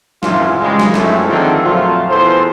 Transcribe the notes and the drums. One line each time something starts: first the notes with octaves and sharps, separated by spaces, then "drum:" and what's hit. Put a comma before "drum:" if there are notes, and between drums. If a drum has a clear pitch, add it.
G#1 F#2 A#2 E3 F4, drum: snare
G#1 C#3 G3 G#3
drum: snare
F#2 A2 F3 G#3 A3, drum: snare
D3 D#3 F3 A3 C4 G#4
F2 A#2 F#3 A3 F4
E2 E4 A4 B4 C5